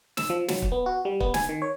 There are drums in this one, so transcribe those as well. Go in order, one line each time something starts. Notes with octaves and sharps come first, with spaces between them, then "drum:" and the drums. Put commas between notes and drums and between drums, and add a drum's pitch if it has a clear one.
E6, drum: snare
F3
F#3, drum: snare
drum: kick
B3
F#4
G3
B3, drum: kick
G#5, drum: snare
D#3
C#5